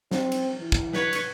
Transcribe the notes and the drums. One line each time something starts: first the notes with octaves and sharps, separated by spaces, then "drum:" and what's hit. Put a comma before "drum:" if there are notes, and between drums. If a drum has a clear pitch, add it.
C4, drum: snare
drum: cymbal
E3
drum: kick
B4 C#5, drum: snare
drum: cymbal